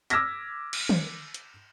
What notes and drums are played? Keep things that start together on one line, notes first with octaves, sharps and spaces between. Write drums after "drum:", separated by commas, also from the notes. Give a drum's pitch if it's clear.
D6 E6 F6 G#6 A#6 B6, drum: hi-hat
drum: cymbal
drum: tom
drum: hi-hat